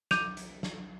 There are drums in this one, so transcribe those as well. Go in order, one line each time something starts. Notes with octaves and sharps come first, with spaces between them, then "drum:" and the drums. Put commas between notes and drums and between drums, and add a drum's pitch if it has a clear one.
D6 G6 D#7 F7, drum: snare
drum: hi-hat
drum: snare